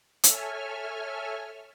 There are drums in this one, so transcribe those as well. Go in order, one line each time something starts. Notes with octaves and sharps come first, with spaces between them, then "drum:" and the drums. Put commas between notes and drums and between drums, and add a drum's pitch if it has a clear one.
A4 C#5 E5 G#5 F6, drum: hi-hat